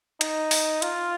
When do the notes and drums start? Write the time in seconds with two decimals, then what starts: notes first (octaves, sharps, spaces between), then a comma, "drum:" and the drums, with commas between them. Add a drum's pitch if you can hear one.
0.21 D#4, drum: hi-hat
0.51 drum: open hi-hat
0.82 F4, drum: hi-hat